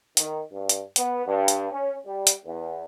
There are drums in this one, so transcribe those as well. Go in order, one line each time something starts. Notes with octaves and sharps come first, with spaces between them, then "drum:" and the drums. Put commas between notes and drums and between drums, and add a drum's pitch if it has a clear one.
D#3, drum: hi-hat
G2
drum: hi-hat
B3, drum: hi-hat
G2
drum: hi-hat
C#4
G3
drum: hi-hat
E2